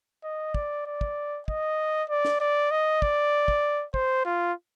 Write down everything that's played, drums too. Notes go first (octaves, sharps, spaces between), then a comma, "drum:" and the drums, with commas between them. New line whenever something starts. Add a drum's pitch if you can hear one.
D#5
D5, drum: kick
D5
drum: kick
D#5, drum: kick
D5
drum: snare
D5
D#5
D5, drum: kick
drum: kick
C5, drum: kick
F4